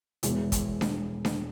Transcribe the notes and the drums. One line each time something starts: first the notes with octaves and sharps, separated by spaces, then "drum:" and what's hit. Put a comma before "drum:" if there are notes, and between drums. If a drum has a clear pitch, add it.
E1 E2 E3, drum: hi-hat
drum: kick, hi-hat
drum: snare D4
drum: snare D4